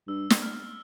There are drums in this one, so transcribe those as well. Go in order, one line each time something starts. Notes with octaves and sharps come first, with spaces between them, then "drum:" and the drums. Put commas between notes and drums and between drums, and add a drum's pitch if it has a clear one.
G2 E6
drum: snare
F6